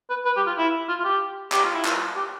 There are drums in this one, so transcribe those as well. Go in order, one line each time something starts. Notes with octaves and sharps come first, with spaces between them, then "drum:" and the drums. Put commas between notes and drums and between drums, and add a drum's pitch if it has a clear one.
B4
B4
G4
F4
E4
F4
F4
G4
G4, drum: clap
F4
E4
F4, drum: clap
G4